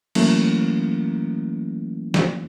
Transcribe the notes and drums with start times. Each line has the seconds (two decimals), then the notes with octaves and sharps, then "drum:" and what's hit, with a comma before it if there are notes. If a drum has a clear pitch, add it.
0.15 E3 F#3 A3 A#3 C#4 E4, drum: cymbal
2.14 drum: snare